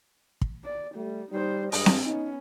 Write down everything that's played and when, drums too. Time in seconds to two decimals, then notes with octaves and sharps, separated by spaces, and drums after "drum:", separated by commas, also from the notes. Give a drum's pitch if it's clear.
0.41 drum: kick
0.65 D5
0.95 G3 A3
1.32 G3 D#4 C5
1.72 G2 G#3 D#5, drum: open hi-hat
1.86 drum: snare C4
2.05 B3 C#4 D#4